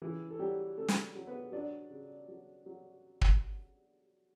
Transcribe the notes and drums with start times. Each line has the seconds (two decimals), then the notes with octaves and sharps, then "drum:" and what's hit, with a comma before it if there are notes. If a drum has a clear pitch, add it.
0.02 C#3 E3 E4
0.30 A4
0.39 F#3 G3 G4
0.77 C#3 A3 A4
0.88 drum: snare
1.15 F#3
1.27 B3 B4
1.52 F#3 D4 D5
1.90 C#3
2.28 F#3
2.66 F#3
3.21 drum: kick